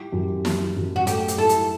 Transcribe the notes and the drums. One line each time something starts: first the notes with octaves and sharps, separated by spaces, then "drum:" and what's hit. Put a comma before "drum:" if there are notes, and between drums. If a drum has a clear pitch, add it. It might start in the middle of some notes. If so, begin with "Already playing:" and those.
Already playing: E4 G4
F#2
F#3, drum: snare
F#2
F#4
A3 G4, drum: hi-hat
drum: hi-hat
E4 A4
drum: hi-hat